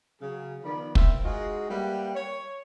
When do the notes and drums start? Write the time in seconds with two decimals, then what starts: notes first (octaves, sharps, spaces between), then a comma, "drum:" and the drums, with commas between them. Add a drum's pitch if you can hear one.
0.21 C#3 F#3 G#4
0.64 D#3 F3 B3 D5 B5
0.95 C4 F4 A#4 E5, drum: kick
1.25 G#3 D#4 F4 F#4 G#4
1.69 G3 A#3 B4 E5 F#5 G5
2.15 C#5